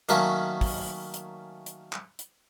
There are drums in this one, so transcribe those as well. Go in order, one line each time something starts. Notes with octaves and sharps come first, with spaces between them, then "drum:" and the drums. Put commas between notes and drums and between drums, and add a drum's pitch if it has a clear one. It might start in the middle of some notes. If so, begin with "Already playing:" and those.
D#3 F#3 A3 A#3 C#4, drum: hi-hat
drum: kick, open hi-hat
drum: hi-hat
drum: hi-hat
drum: clap
drum: hi-hat